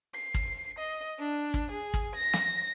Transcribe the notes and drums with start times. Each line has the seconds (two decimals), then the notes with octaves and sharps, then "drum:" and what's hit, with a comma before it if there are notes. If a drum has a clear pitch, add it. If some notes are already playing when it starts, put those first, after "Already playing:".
0.15 C7
0.34 drum: kick
0.79 D#5
1.19 D4
1.54 drum: kick
1.71 G#4
1.94 drum: kick
2.15 A#6
2.33 drum: snare